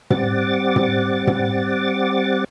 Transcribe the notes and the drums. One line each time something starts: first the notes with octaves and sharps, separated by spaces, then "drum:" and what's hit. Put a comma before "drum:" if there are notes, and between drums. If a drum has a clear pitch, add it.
G3 C4 F#5 D6 A6, drum: tom
drum: tom
drum: tom